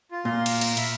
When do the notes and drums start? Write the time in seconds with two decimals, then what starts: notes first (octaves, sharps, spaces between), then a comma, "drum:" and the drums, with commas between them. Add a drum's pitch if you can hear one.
0.11 F4
0.25 A#2 F5 A#5 C6
0.46 drum: cymbal
0.61 drum: cymbal
0.77 E5 B5, drum: cymbal